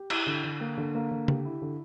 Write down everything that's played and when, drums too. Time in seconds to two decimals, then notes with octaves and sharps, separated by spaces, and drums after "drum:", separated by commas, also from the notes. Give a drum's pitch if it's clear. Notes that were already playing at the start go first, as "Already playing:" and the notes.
Already playing: G4
0.10 E4, drum: cymbal
0.27 D3
0.44 D3
0.61 A#3
0.78 D3
0.95 A#3
1.11 D3
1.28 G4, drum: tom C#3
1.45 E4
1.62 D3